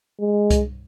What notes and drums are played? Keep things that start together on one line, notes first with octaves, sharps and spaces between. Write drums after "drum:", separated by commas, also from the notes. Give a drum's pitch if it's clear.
G#3
drum: kick C2, hi-hat